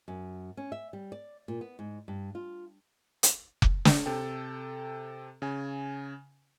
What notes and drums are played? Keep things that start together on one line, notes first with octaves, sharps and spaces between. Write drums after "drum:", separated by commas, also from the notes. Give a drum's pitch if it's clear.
F#2
C#4
E5
G3
D5
A#2
B3
G#2
G2
F4
drum: hi-hat
drum: kick F1
drum: snare
C3 A4 G5
C#3 G#5